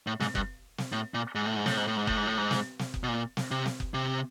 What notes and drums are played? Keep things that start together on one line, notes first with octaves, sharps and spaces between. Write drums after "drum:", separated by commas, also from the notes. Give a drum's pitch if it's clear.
A2
G#2, drum: snare
G2, drum: kick F#1
drum: snare
A2
A#2
G#2
A2
G#2
A2, drum: snare
G#2
A2
G#2
A2, drum: kick F#1
G#2
A2
G#2
drum: snare
drum: snare
drum: kick F#1
B2
A#2
drum: snare
C3
drum: snare
drum: kick F#1
C3